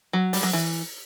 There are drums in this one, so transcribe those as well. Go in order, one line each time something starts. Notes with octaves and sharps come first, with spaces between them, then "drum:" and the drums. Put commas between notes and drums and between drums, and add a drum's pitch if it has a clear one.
F#3
G3, drum: open hi-hat
F#3
E3